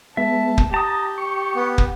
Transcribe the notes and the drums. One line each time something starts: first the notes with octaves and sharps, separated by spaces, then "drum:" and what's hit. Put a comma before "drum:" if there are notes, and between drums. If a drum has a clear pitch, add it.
G#3 B3 E5 A5
drum: kick
G4 A5 A#5 D#6
C#6
B3
drum: kick